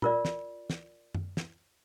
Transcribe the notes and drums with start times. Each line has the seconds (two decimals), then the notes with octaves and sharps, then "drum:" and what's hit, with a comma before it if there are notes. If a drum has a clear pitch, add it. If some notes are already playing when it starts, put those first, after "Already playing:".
0.02 F4 A#4 D5, drum: tom A#2
0.25 drum: snare
0.70 drum: snare
1.15 drum: tom F#2
1.37 drum: snare